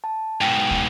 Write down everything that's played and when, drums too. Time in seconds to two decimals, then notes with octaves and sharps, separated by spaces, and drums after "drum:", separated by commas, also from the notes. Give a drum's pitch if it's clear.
0.04 A5
0.41 G#2 B2 G5
0.71 drum: kick